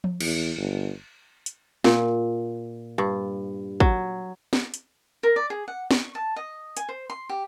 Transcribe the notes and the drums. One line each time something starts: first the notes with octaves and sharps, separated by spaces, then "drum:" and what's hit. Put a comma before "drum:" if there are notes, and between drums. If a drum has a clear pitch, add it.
drum: tom F3
E2, drum: cymbal
G1
drum: hi-hat
A#2, drum: snare
G2
F#3, drum: kick
drum: snare
drum: hi-hat
A#4
D5
G#4
F#5
C#6, drum: snare
A5
D#5
G#5, drum: hi-hat
C5
C6
G4